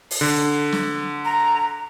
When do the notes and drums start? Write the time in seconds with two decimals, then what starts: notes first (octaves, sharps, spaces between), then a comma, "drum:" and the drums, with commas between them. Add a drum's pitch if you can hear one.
0.11 drum: open hi-hat
0.21 D3
0.72 drum: snare
1.25 A#5